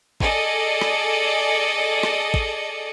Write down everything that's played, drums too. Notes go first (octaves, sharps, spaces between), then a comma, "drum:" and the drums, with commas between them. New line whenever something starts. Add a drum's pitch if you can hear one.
G#4 A4 D5 D#5, drum: kick
drum: rim click
drum: rim click
drum: kick